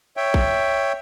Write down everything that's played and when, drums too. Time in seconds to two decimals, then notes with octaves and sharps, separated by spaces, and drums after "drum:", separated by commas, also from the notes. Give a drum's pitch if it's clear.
0.17 C#5 E5 G5
0.34 drum: kick A1